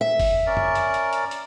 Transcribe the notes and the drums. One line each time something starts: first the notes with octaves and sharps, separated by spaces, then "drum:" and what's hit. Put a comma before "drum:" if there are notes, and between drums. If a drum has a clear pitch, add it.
E5
drum: kick G1, open hi-hat
C#4 A#4 D5
drum: tom
drum: hi-hat
drum: hi-hat
drum: hi-hat
drum: hi-hat